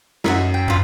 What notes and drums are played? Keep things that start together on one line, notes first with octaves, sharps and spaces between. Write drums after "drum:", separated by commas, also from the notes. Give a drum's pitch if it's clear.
F#2 D#4 E5 F#5, drum: snare
G5
G2 F4 B4